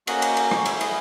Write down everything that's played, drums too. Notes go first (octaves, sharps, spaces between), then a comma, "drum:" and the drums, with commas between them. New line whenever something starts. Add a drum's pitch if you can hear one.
A#3 C#4 F#4 D#5 F#5, drum: cymbal
drum: cymbal
drum: cymbal
drum: rim click
B3 E4 G#4 C#5 E5, drum: cymbal
B4 D#5, drum: cymbal